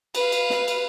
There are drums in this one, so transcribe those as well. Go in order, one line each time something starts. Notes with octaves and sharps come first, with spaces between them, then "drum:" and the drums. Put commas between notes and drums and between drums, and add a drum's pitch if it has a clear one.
B4 F5, drum: cymbal
drum: cymbal
drum: snare
drum: cymbal